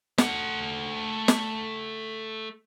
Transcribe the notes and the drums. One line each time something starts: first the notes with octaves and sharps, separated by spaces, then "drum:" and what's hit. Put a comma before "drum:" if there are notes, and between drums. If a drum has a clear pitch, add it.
A3 F#5, drum: snare
drum: snare